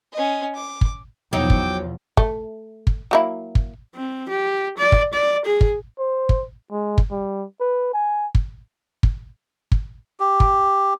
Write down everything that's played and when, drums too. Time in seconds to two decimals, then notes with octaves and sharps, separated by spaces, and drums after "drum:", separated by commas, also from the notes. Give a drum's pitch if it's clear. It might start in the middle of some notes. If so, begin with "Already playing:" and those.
0.13 C#4 D#5
0.55 D6
0.81 drum: kick
1.33 E2 B2 F3 F#3 D#4 G5 D6
1.50 drum: kick
2.17 A3, drum: kick
2.87 drum: kick
3.11 F#3 A#3 E4
3.55 drum: kick
3.95 C4
4.29 G4
4.78 D5
4.92 drum: kick
5.14 D5
5.45 G#4
5.61 drum: kick
5.99 C5
6.29 drum: kick
6.72 G#3
6.98 drum: kick
7.11 G3
7.60 B4
7.94 G#5
8.35 drum: kick
9.03 drum: kick
9.72 drum: kick
10.20 G4
10.40 drum: kick